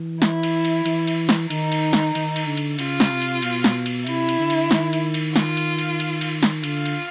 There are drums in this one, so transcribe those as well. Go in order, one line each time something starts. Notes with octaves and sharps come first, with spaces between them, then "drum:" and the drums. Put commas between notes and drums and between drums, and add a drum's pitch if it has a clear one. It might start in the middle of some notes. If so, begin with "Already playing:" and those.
Already playing: E3
E4, drum: snare
drum: cymbal
drum: cymbal
E3, drum: cymbal
drum: cymbal
drum: snare
D#3 D#4, drum: cymbal
drum: cymbal
drum: snare
D#3, drum: cymbal
drum: cymbal
D3
drum: cymbal
C#3 F4, drum: cymbal
drum: snare
C3
drum: cymbal
B2, drum: cymbal
drum: snare
drum: cymbal
C3 E4, drum: cymbal
drum: cymbal
D3
drum: cymbal
D#3, drum: snare
drum: cymbal
drum: cymbal
F4, drum: snare
drum: cymbal
drum: cymbal
drum: cymbal
drum: cymbal
drum: snare
D3 F4, drum: cymbal
drum: cymbal